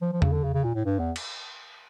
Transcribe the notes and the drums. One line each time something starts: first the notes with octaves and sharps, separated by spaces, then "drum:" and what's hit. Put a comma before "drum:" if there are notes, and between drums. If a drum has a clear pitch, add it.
F3
F3
C#3, drum: tom E2
D3
C#3
C#3
A#2
A2
G2
E2
drum: cymbal